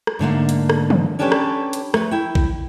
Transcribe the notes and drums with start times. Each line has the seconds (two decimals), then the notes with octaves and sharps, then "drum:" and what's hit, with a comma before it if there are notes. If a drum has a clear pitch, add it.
0.07 drum: rim click
0.19 G#2 D3 A3 A#3
0.49 drum: hi-hat
0.70 drum: rim click
0.90 drum: tom
1.19 C#4 D4 G4 A4 B4 C#5
1.32 drum: rim click
1.73 drum: hi-hat
1.94 A3 B4, drum: rim click
2.11 E4 G5
2.35 drum: kick A#1